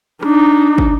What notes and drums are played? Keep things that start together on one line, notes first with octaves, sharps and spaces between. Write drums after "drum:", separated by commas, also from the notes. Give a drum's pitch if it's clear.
D4 D#4, drum: rim click
drum: kick